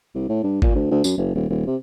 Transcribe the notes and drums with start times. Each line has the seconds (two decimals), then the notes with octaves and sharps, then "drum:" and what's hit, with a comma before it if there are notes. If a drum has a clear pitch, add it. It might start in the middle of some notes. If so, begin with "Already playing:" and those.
0.15 C2
0.29 A2
0.43 G2
0.62 A#2, drum: kick G#1
0.75 D2
0.91 D2
1.04 F#2, drum: tambourine
1.17 F#1
1.35 D#1
1.50 D#1
1.67 C3